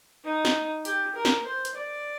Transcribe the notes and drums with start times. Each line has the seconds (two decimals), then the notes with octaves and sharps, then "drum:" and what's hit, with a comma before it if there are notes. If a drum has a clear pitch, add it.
0.24 D#4
0.45 drum: snare
0.85 G4, drum: hi-hat
1.16 A#4
1.25 drum: snare
1.45 C5
1.65 drum: hi-hat
1.75 D5